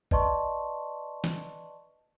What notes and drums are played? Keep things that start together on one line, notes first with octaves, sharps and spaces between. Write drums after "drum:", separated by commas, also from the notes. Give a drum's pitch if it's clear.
B4 D5 D#5 A5 C6 C#6, drum: kick G#1
drum: snare